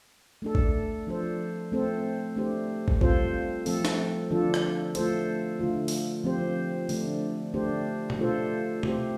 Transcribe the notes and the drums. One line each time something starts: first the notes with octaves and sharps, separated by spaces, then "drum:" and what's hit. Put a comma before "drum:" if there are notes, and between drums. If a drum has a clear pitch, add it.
A3 D4 A4
drum: kick
F3 D4 A4 C5
A3 C4 A4 C5
A3 D4 G4 C5
drum: kick
G3 C4 F4 A4 C5, drum: kick
F3 A3 C4 A4, drum: open hi-hat
drum: snare
D3 F3 D4 F4 A4
drum: rim click
A3 F4 A4 C5, drum: hi-hat
D3 A3 F4
drum: open hi-hat
F3 C4 G4 C5
D3 A3 D4, drum: open hi-hat
D3 A3 D4 G4 C5
drum: tom B2
A3 D4 F4 A4 C5
A3 C4 G4 C5, drum: tom B2